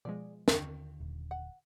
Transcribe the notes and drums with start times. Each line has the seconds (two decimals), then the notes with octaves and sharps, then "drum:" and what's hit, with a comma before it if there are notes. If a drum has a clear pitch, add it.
0.05 B2 F3 G#3 D5
0.48 D#2 D3 F4 G5 C#6, drum: snare
1.00 D#1
1.31 F#5